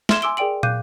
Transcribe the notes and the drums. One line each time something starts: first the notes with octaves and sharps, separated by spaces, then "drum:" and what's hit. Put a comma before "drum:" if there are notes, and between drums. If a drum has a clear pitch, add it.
E5 C6 F6 G#6 E7 G7, drum: snare
G#5 C6 D6 E6 D7 G7
G#4 A#4 D5 G5 D7 F#7
F5 D6 F#6 G6 D#7, drum: tom